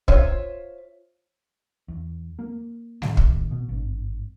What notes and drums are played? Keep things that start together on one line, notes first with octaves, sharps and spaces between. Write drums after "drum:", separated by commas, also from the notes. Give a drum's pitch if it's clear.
F4 C5 C#5 E5, drum: kick
E2
A#3
A2 D#3, drum: snare G3
drum: kick
B2
G#1 G2